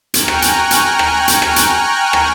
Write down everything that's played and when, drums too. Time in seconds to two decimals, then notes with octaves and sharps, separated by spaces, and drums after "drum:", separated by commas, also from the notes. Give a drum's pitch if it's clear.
0.14 G5 G#5 A#5 C#6 F6 F#6, drum: hi-hat
0.28 drum: rim click
0.42 drum: hi-hat
0.71 drum: hi-hat
0.99 drum: rim click
1.28 drum: hi-hat
1.42 drum: rim click
1.56 drum: hi-hat
2.13 drum: rim click